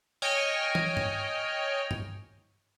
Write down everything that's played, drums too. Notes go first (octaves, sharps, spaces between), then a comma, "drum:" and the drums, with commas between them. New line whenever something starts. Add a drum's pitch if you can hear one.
C#5 D#5 G5 G#5 F6
drum: tom
drum: tom G2
drum: tom G2